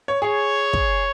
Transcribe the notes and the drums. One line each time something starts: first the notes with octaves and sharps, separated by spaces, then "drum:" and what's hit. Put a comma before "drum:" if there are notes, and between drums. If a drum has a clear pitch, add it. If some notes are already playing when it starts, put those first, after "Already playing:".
C#5
G#4 C#5
drum: kick